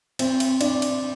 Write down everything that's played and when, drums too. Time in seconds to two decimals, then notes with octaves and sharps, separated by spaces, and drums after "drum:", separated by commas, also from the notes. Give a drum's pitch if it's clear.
0.19 C4, drum: cymbal
0.40 drum: cymbal
0.61 D4, drum: cymbal
0.82 drum: cymbal